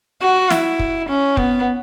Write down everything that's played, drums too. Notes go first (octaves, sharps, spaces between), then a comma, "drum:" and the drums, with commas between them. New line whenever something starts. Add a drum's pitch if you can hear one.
F#4
E4, drum: snare
drum: kick
C#4
B3, drum: kick